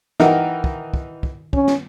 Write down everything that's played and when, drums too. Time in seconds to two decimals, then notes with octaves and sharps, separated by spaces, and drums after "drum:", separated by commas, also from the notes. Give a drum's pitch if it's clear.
0.20 E3 D#4 G4 A#4 F#5 G5, drum: snare
0.64 drum: kick
0.94 drum: kick
1.23 drum: kick
1.53 C#4, drum: kick
1.67 drum: snare